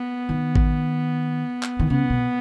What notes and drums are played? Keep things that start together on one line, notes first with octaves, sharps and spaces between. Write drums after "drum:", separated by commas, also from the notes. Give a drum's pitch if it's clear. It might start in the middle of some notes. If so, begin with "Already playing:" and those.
Already playing: B3
D#3
drum: kick A1
drum: clap
D#3
C#3 B3
B2